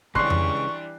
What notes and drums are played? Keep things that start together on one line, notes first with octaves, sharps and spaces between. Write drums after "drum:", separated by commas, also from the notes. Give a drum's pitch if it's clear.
C#2 E3 G3 D4 C6 C#6 F#6 C7, drum: kick
drum: tom F2